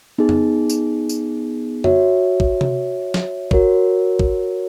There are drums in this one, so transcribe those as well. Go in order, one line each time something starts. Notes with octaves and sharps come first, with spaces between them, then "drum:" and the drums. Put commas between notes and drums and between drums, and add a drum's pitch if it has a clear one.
B3 D#4 G#4
drum: tom F2
drum: tambourine
drum: tambourine
F#4 C#5 E5, drum: tom F2
drum: kick
drum: tom C3
drum: snare
F#4 A#4 C#5, drum: kick
drum: kick